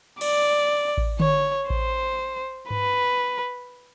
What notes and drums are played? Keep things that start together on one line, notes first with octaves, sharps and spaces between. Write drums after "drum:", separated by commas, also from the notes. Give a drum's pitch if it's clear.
D5, drum: cymbal
drum: kick A1
C#5, drum: tom D3
C5, drum: kick A1
B4, drum: tom G2